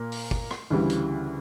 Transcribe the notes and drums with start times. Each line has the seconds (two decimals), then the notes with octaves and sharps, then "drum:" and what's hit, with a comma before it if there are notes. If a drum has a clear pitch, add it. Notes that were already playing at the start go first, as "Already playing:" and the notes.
Already playing: A#2 A#3
0.12 drum: open hi-hat
0.31 drum: kick
0.51 drum: rim click
0.70 D2 C#3 E3 G3
0.90 drum: hi-hat